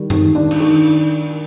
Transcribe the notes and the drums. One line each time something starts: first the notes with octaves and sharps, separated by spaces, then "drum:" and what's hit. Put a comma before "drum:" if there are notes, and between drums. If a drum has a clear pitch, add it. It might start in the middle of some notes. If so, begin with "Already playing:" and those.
Already playing: D#3 G3
D#3, drum: tom F#2
D4
drum: cymbal
D#3